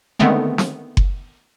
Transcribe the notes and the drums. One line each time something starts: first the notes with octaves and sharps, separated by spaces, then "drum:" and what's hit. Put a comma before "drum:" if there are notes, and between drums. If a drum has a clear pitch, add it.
D3 D#3 G#3 A3 B3 C4
drum: snare
drum: kick F#1